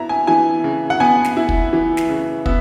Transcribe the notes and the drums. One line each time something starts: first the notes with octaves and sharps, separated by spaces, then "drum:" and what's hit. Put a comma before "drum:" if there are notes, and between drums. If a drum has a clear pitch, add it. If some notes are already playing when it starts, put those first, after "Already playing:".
Already playing: B3 E4 A#5
G#5
E3 G#5
C#3
F#5
B3 G#5
drum: snare
E4
drum: kick
E3
drum: snare
C#3
B3 E5, drum: kick